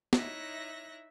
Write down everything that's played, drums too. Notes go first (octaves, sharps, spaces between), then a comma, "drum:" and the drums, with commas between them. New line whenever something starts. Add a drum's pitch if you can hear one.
D#4 E4 C#5 E5 F#6 A#6, drum: snare